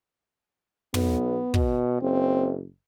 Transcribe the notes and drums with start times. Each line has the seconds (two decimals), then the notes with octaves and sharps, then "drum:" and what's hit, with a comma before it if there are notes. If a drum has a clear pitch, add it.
0.94 B1 B3, drum: tom
1.54 B2, drum: kick
2.02 F#1 C4